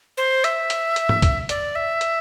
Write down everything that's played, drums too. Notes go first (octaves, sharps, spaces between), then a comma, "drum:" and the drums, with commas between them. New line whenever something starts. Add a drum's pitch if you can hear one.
C5
E5, drum: hi-hat
drum: hi-hat
drum: hi-hat
drum: tom G#2
drum: kick C2, hi-hat
D5, drum: hi-hat
E5
drum: hi-hat